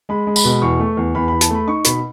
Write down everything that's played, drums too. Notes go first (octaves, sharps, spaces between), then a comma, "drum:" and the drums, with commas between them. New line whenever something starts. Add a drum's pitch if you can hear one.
G#3 B5
G#3
B5, drum: tambourine
B2
E2 C#6
A3
E2
E2 B5
E2 B5
A5, drum: hi-hat
A3 B5
D#4 C#6
B2 B5, drum: hi-hat